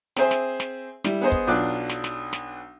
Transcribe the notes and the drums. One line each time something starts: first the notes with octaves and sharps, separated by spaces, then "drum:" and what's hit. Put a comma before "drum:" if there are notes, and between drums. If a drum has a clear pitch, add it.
C4 G#4 C5 E5 G#5, drum: snare
drum: snare
drum: snare
G3 E4, drum: snare
B3 G#4 C5 D#5
drum: kick
B1 F#3 D4 F4 D6 F#6
drum: snare
drum: snare
drum: snare